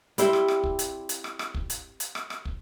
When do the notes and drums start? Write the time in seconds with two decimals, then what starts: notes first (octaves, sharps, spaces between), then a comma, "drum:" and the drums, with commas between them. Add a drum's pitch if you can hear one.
0.18 G3 C4 E4 C5, drum: hi-hat
0.33 drum: rim click
0.48 drum: rim click
0.64 drum: kick
0.79 drum: hi-hat
1.09 drum: hi-hat
1.24 drum: rim click
1.39 drum: rim click
1.54 drum: kick
1.70 drum: hi-hat
2.00 drum: hi-hat
2.15 drum: rim click
2.30 drum: rim click
2.45 drum: kick